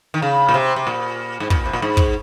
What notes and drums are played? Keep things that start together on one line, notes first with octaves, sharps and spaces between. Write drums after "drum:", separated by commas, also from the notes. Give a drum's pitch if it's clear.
D#3
C#3
A#2
C3
C3
A#2
G#2
A#2, drum: kick
C3
A#2
G#2
drum: kick